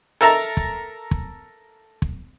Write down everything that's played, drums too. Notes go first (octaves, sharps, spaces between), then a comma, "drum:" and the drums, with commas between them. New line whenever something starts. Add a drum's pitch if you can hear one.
A4 A#4 E5 A5 A#5
drum: kick
drum: kick
drum: kick